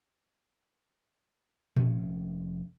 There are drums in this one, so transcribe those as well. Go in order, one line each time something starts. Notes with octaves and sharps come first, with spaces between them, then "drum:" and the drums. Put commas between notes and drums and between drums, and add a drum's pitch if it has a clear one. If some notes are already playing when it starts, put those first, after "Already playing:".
F1 A3 C#4, drum: tom A#2